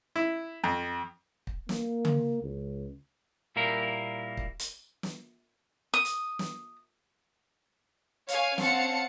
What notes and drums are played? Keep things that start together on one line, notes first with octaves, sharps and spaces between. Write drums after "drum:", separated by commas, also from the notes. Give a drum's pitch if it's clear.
E4
F2
drum: kick
A#3, drum: snare
drum: tom C#3
C#2
A#2 G3 A#3 E4 A#4
drum: kick
drum: hi-hat
drum: snare
D#6
drum: hi-hat
drum: snare
C#5 F5 G#5, drum: hi-hat
C4 C#4 F5 F#5 A5 C#7, drum: snare